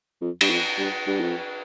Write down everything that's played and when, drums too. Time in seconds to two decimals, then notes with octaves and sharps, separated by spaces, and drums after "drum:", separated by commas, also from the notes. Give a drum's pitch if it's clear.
0.21 F2
0.41 G2, drum: cymbal
0.50 F2
0.78 G2
1.07 G2
1.20 F2